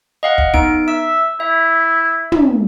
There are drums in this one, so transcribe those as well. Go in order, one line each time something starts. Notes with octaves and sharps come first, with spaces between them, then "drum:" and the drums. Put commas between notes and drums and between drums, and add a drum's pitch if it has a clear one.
D#5 F5 F#5
drum: kick
B3 D#4 D7, drum: kick
E5 E6
E4 E5
drum: tom